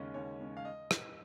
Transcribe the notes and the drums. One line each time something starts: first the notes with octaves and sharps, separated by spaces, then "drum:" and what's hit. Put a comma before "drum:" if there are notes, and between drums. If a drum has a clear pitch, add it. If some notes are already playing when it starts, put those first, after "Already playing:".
Already playing: D#2 C#3 G#3 C#4
D#2 C#5
C#3 G#3 C#4
F5
D#5
drum: rim click